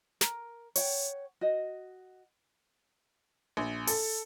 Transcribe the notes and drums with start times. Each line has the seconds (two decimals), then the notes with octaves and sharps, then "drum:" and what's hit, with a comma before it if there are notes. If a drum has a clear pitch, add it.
0.21 A#4, drum: snare
0.76 C#5 F#5 G5, drum: open hi-hat
1.41 F#4 D#5
3.57 A#1
3.87 A4, drum: open hi-hat